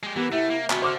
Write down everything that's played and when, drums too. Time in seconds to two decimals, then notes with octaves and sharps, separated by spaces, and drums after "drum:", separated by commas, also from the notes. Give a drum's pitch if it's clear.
0.03 G#3 G4
0.16 E3 B3 G4 A#4 F#5
0.32 C3 A3 E4
0.50 A#3
0.70 C#2 B3 F#4, drum: clap
0.82 D3 C5 D6 F6